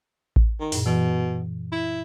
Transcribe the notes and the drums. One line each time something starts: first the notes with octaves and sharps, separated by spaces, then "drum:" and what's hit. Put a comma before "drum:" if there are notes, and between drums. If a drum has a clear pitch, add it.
drum: kick A1
D#3
F#2 A#2, drum: open hi-hat
B2 E3
E4